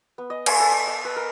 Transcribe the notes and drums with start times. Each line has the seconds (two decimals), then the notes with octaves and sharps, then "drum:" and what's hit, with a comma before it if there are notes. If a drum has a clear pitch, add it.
0.18 B3
0.30 D#5
0.46 G#5, drum: cymbal
0.60 A4
0.72 A5
0.87 D#5
1.05 B4
1.16 A#4